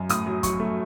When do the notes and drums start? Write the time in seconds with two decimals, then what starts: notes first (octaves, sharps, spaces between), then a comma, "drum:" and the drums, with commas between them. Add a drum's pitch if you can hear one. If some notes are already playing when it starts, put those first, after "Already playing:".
Already playing: F#2
0.09 A2 D#6, drum: hi-hat
0.27 F#3
0.43 F#3 C#6, drum: kick, hi-hat
0.60 A3